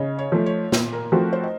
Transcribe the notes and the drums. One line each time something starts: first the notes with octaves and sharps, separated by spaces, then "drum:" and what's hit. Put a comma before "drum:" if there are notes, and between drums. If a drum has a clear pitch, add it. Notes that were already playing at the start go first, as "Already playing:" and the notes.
Already playing: C#3 C#5 D#5
C#5
F3 A3
C#5
A#2, drum: snare
A#4
F3 A3 C4 F#4
C5
D#5